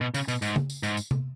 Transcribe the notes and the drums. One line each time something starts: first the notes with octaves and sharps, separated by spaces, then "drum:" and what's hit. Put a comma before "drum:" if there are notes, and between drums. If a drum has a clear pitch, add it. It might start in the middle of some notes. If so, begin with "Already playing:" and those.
B2
C#3, drum: tambourine
B2, drum: tambourine
G#2, drum: tambourine
drum: tom C#3
drum: tambourine
G#2, drum: tambourine
drum: tambourine
drum: tom C3